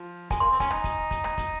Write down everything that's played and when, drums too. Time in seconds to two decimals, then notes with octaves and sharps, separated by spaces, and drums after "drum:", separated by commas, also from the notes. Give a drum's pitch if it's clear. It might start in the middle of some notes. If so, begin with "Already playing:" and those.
Already playing: F3
0.30 G#3 G#5, drum: kick, hi-hat
0.40 A#3 C6
0.51 C4
0.60 C#4 G#5, drum: kick, hi-hat
0.71 D#4, drum: rim click
0.84 drum: kick, hi-hat
1.11 drum: kick, hi-hat
1.24 drum: rim click
1.38 drum: kick, hi-hat